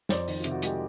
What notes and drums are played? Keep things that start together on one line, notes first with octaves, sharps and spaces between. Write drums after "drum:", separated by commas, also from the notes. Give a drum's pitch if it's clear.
F2 C5 D5, drum: snare
D#3, drum: open hi-hat
F4
C3, drum: hi-hat
F#4
G#3 G4, drum: hi-hat